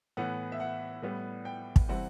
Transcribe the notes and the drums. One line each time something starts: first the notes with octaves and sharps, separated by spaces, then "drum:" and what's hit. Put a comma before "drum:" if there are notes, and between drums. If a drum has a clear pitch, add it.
A2 E3 B3 F#5
E5
F#5
A2 G3 B3
G5
drum: kick
C3 E3 G3 C4 F#5